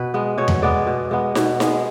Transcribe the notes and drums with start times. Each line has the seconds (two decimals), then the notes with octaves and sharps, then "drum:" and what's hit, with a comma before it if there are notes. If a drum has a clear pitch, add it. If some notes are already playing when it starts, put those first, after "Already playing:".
Already playing: B2 B4
0.14 G#3 B3
0.38 B2 C#5
0.48 drum: tom E2
0.62 G#3 B3 D5
0.87 B2
1.11 G#3 B3
1.35 B2, drum: snare D#4
1.60 G#3 B3, drum: snare D#4